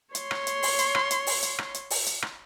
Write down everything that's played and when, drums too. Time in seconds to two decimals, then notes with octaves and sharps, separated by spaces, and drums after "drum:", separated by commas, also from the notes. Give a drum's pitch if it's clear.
0.15 C#5 C6, drum: hi-hat
0.31 drum: rim click
0.47 drum: hi-hat
0.63 drum: open hi-hat
0.79 drum: hi-hat
0.95 drum: rim click
1.11 drum: hi-hat
1.27 drum: open hi-hat
1.43 drum: hi-hat
1.58 drum: rim click
1.74 drum: hi-hat
1.90 drum: open hi-hat
2.06 drum: hi-hat
2.22 drum: rim click